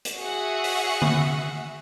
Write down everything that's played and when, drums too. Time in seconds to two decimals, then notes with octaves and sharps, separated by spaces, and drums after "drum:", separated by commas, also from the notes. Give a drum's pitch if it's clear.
0.05 drum: hi-hat
0.16 F#4 G#4 E5 F#5
0.64 drum: open hi-hat
1.02 drum: tom D3